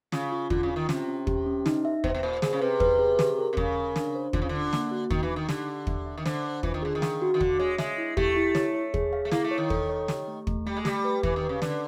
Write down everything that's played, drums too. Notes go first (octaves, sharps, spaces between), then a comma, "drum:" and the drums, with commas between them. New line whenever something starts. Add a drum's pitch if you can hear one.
C#3 F4, drum: snare
F4
D3 F4, drum: kick
C#3
F4
D#3
C3 C#4, drum: snare
C#4
G4, drum: kick
C#4
D#4, drum: snare
E5
B2 C5, drum: kick
B2
A#2 C5
A#2 G#4, drum: snare
C#3
C3 B4
B4, drum: kick
G#4
G4, drum: snare
A#4
C3
C#3 A#4, drum: kick
A#4
D4, drum: snare
C5
D3 F4, drum: kick
C#3
D3 D4
A#3, drum: snare
F#4
D#3 D#4, drum: kick
E3
D#4
D#3
D3 G4, drum: snare
G4
E5, drum: kick
E5
D#3
D3 C5, drum: snare
C5
E3 F4, drum: kick
D#3
D3 G#4
D#3
F5, drum: snare
F#4
D#3
D3 F5, drum: kick
G#3 C#5
G#3 E5, drum: snare
E4
A3 G4, drum: kick
E4
C#5, drum: snare
C#5
G#4, drum: kick
F5
A3
A#3 E4, drum: snare
A3
C#5
D#3
A4, drum: kick
C#5
G4, drum: snare
A3
A3, drum: kick
G3 A3
G#3
G3 G4, drum: snare
B4
E3 G4, drum: kick
D#3
B4
C#3
D3 D5, drum: snare